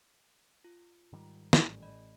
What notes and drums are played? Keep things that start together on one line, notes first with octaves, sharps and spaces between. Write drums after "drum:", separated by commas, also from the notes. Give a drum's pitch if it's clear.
F4
G#2 D#3 G3
A1 A3, drum: snare
D5 D#5 B5